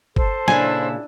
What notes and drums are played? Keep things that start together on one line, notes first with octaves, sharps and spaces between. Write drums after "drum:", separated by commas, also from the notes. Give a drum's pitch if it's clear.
A4 C5 A5, drum: kick G1
A#2 C#3 D4 E4 G#5, drum: snare